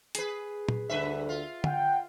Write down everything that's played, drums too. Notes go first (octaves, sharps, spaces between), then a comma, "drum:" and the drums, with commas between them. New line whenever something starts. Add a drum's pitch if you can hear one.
G#4 B4, drum: hi-hat
drum: tom
D2 G2 D3 B4 E5
F4
F#5 G5, drum: tom